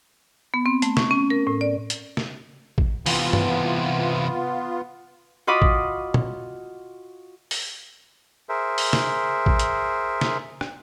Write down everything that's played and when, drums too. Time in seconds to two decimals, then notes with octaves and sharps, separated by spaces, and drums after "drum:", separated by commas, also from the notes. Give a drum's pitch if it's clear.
0.54 B3
0.66 C4
0.82 A3, drum: hi-hat
0.97 C#6, drum: snare
1.11 C#4
1.30 A#4
1.47 A2
1.61 D5
1.90 drum: hi-hat
2.17 drum: snare
2.78 drum: kick A1
3.06 C3 E3 B3 F4, drum: open hi-hat
3.33 drum: tom
5.47 F4 F#4 D#5 B5 D6 D#6
5.62 drum: kick A1
6.14 drum: tom
7.51 drum: open hi-hat
8.49 G#4 A#4 C5 E5
8.78 drum: open hi-hat
8.93 drum: snare
9.46 drum: kick A1
9.59 drum: hi-hat
10.21 drum: snare
10.61 drum: rim click